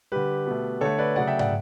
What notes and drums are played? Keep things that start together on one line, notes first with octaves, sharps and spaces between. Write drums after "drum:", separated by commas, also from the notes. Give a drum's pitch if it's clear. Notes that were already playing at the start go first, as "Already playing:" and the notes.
D3 G3 G4 B4
B2 A3
D3 A3 A4 C#5
B4 D5
C#3 F#3 A3 D5 F#5
E5 G5
D5 F#5, drum: tom